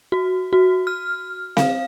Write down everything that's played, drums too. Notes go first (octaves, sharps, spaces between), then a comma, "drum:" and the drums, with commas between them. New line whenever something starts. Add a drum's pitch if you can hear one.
F#4
F#4
F6
F5, drum: snare C4